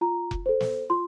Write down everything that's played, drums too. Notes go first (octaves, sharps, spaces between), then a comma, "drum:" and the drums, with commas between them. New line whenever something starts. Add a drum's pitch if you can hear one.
F4 A#5
drum: kick F1
A4 C5
drum: snare
F4 C6